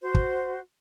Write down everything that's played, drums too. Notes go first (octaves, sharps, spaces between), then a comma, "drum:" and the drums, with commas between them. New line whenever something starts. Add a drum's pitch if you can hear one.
F#4 C5
drum: kick